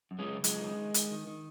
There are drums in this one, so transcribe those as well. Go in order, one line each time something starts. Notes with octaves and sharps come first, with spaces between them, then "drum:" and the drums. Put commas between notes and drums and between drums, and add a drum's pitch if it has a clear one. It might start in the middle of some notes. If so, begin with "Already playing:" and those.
F#2
G#3 C#4
C#3
F#2 G#3, drum: hi-hat
D#3
D#3
D#3, drum: hi-hat
D#3
D#3